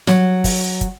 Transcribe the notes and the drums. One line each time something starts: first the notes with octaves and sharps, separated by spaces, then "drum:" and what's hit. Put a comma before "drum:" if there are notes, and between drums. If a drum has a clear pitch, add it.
F#3, drum: snare
drum: kick, open hi-hat
drum: kick, hi-hat